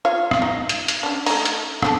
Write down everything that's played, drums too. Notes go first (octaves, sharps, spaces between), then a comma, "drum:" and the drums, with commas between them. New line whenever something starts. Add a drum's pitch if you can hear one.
F4 C#5 F5
drum: rim click
D#4
drum: hi-hat
drum: hi-hat
C#4 D4
A3 D#4, drum: open hi-hat
drum: hi-hat
D3 D4 A4, drum: rim click